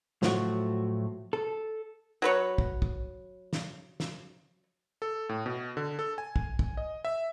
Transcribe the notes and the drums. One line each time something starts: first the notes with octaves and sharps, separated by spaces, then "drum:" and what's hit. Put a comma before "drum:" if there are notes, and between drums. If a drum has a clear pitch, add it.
A2 F3 F#3 A3 F#4, drum: snare
A4
F#3 B4 C#5
drum: kick
drum: kick
drum: snare
drum: snare
A4
A2
B2
D3
A4
G#5
drum: kick
drum: kick
D#5
E5